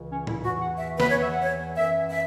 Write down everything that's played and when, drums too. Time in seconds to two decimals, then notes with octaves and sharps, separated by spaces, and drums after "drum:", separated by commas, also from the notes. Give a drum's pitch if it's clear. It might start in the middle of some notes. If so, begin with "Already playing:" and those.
Already playing: C#2 C#3 E3
0.11 C#4
0.27 E4, drum: tom A2
0.43 E2 E3 F#4
0.60 F#5
0.77 E5
1.00 B4, drum: snare A#3
1.10 E2 E3 C#5
1.21 E5
1.32 F#5
1.43 C#5
1.76 F#2 E3 E5
2.10 E5